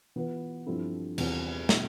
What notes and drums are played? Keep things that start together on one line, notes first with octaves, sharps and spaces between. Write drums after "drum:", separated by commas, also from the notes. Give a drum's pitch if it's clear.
E3 B3 F4 B4
G2 F3 C4 E4 A4
E2 C3 G3 C4 F4, drum: cymbal
B2 A3 D4, drum: snare